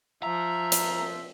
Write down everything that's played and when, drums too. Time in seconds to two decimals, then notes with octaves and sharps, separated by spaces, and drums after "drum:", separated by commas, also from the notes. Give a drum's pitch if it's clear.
0.23 F3 E5 A#5
0.72 drum: hi-hat